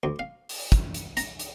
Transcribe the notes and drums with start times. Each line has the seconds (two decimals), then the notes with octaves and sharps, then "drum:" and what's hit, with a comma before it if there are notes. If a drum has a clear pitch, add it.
0.03 D2
0.19 F5
0.49 drum: open hi-hat
0.72 drum: kick, hi-hat
0.94 drum: hi-hat
1.17 A#5, drum: hi-hat
1.39 drum: hi-hat